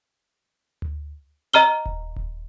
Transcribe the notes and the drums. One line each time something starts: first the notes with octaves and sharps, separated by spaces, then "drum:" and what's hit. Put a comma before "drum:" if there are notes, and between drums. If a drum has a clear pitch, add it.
drum: tom D2
D#5 A#5 F6 G7
drum: kick D#1
drum: kick D#1